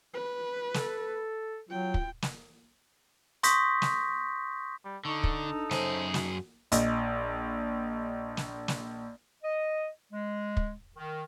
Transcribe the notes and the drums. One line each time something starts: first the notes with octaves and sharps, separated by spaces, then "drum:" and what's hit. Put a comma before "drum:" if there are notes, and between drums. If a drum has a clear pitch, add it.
B4
A4, drum: snare
F#3 F4 G5
drum: kick
drum: snare
C6 C#6 D#6 G6 A#6 B6, drum: hi-hat
drum: snare
G3
D3 D#4 A4 C#6
drum: kick
D4
F#2 G#4 C5, drum: snare
F#4, drum: snare
A#1 D#5, drum: hi-hat
drum: snare
drum: snare
D#5
G#3
drum: kick
D#3